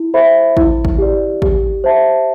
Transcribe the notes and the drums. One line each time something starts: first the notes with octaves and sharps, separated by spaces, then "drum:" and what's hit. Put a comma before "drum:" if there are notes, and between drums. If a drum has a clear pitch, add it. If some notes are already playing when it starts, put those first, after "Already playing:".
Already playing: E4
A4 C5 E5 B5
E4, drum: kick
drum: kick
G4 D5
G4, drum: kick
C5 E5 A5